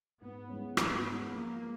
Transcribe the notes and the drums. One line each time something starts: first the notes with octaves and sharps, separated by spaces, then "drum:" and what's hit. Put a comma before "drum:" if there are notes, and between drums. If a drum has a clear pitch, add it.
G#2 B3
E3 G#3 C#4
G#2 B3, drum: rim click
E3 G#3 C#4
F3 A#3
G#3 B3